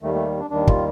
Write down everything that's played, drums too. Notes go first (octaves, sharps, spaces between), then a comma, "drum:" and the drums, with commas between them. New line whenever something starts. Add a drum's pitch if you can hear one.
D#2 D#3 G3 A3
A3
D4
D#2 D#3 G3 D4
F4, drum: kick